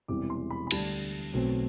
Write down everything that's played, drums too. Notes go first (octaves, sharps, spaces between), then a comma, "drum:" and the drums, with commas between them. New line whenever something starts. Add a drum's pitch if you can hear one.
E1 E2 C3 E3 G3 D6
C6
B5
B5
D2 D3 G3 D4 A5, drum: cymbal
B1 B2 F#3 A3 C4